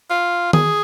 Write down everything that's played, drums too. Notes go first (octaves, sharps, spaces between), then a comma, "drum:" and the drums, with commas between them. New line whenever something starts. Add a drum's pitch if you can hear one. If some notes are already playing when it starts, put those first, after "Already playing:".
F4
G#4, drum: tom D#3